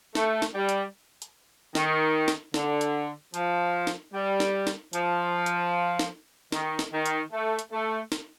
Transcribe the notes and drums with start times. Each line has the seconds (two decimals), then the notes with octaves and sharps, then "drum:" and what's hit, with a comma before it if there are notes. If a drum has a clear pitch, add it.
0.15 A3, drum: snare
0.42 drum: snare
0.55 G3
0.69 drum: hi-hat
1.22 drum: hi-hat
1.75 D#3, drum: snare
2.28 drum: snare
2.54 D3, drum: snare
2.81 drum: hi-hat
3.34 F3, drum: hi-hat
3.87 drum: snare
4.13 G3
4.40 drum: snare
4.67 drum: snare
4.93 F3, drum: hi-hat
5.46 drum: hi-hat
5.99 drum: snare
6.52 D#3, drum: snare
6.79 drum: snare
6.92 D#3
7.06 drum: hi-hat
7.32 A3
7.59 drum: hi-hat
7.72 A3
8.12 drum: snare